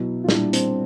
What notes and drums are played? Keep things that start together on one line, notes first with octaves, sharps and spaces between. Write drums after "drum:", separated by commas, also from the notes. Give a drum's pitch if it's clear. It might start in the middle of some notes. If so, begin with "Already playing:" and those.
Already playing: B2 F#3 E4
F4
A#2 G3 D4 E4, drum: snare
C4 D4, drum: hi-hat